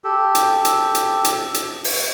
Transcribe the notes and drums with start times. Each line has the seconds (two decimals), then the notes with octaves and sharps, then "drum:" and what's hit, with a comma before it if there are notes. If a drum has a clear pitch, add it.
0.04 G4 A4
0.35 drum: hi-hat
0.65 drum: hi-hat
0.95 drum: hi-hat
1.24 drum: hi-hat
1.54 drum: hi-hat
1.84 drum: open hi-hat